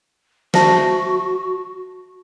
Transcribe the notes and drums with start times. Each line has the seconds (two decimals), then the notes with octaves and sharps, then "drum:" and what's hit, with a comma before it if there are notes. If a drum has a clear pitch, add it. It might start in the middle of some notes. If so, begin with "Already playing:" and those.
0.54 F#4 C5 E5 A5, drum: snare